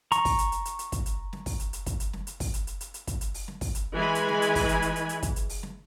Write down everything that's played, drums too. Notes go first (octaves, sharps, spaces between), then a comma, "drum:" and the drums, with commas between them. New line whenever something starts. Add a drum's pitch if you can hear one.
A#5 C#6, drum: hi-hat
drum: kick, open hi-hat
drum: hi-hat
drum: hi-hat
drum: hi-hat
drum: hi-hat
drum: kick, hi-hat
drum: hi-hat
drum: snare
drum: kick, open hi-hat
drum: hi-hat
drum: hi-hat
drum: kick, hi-hat
drum: hi-hat
drum: snare
drum: hi-hat
drum: kick, open hi-hat
drum: hi-hat
drum: hi-hat
drum: hi-hat
drum: hi-hat
drum: kick, hi-hat
drum: hi-hat
drum: open hi-hat
drum: snare
drum: kick, open hi-hat
drum: hi-hat
E3 G#3 G#5 B5
drum: hi-hat
drum: snare
drum: hi-hat
drum: kick, open hi-hat
drum: hi-hat
drum: hi-hat
drum: hi-hat
drum: hi-hat
drum: kick, hi-hat
drum: hi-hat
drum: open hi-hat
drum: snare